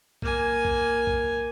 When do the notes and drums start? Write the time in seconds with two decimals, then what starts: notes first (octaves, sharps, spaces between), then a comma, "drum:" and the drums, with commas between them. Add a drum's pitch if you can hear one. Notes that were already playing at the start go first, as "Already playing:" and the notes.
0.22 A#3 G#5, drum: kick
0.65 drum: kick
1.07 drum: kick